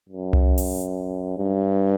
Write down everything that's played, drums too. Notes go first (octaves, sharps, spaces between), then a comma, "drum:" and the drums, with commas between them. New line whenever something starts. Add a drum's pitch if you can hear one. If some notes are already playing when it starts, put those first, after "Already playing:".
F#2
drum: tom C2
drum: open hi-hat
G2